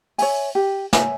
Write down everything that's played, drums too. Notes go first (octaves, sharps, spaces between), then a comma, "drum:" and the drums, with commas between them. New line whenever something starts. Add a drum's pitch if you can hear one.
C#5 E5 G#5, drum: open hi-hat
G4
C#5 E5 G#5, drum: snare